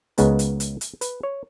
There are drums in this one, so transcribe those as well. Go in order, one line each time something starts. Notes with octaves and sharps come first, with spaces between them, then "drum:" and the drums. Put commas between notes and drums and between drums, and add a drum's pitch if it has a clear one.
C#2 C#3 G#3 B3 A#4, drum: hi-hat
drum: hi-hat
drum: hi-hat
drum: hi-hat
B4, drum: hi-hat
C#5